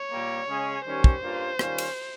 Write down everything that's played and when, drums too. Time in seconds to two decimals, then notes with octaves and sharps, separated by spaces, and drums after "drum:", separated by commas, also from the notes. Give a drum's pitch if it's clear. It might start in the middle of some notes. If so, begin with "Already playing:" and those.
Already playing: C#5
0.12 A#2 G3 A#3
0.48 C#3 G#3 C#4 G#4
0.86 D#3 G3 C#4 G4 C5
1.04 drum: kick
1.22 G2 G3 A#3 C#4 F4
1.59 D#3 G3 C#4 F4, drum: rim click
1.78 drum: cymbal